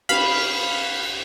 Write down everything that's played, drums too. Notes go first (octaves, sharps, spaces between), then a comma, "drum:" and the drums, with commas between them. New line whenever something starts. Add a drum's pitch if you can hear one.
F5 B5, drum: cymbal